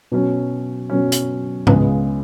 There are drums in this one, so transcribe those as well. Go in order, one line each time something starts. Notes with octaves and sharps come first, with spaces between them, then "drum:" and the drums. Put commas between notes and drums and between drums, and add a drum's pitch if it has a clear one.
B2 F#3 C#4
B2 F#3 C#4
drum: hi-hat
C#2 C#3 G#3 B3, drum: tom G#2